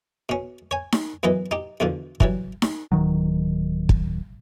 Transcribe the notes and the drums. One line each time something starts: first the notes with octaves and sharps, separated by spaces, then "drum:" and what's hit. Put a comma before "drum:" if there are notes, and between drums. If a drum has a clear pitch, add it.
B2 C#4
C#5 G#5
drum: snare D#4
F#2 E3 B3 B4 D#5
D#4 G4
E2 B2 D3 F3
E3 F#3 G3, drum: kick
drum: snare D#4
D1 A#1 D#3 F#3
drum: kick